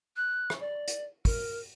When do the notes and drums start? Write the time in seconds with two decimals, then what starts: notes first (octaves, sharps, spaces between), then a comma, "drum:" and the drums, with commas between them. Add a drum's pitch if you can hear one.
0.16 F#6
0.50 drum: rim click
0.61 D5
0.88 drum: hi-hat
1.25 A#4, drum: kick, open hi-hat